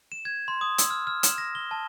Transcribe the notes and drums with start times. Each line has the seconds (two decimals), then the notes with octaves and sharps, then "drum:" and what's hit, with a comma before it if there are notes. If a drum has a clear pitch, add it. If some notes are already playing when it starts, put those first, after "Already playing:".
0.12 E7
0.25 G#6
0.48 C6
0.61 D#6
0.78 E6, drum: hi-hat
0.90 F6
1.07 F6
1.23 E7, drum: hi-hat
1.38 A#6
1.55 G7
1.71 A5